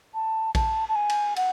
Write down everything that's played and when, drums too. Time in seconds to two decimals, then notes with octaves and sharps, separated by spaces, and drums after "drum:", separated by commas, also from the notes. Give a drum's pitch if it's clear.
0.14 A5
0.55 A5, drum: kick A#1, cymbal
0.89 A5
0.95 G#5
1.09 drum: cymbal
1.36 F#5, drum: cymbal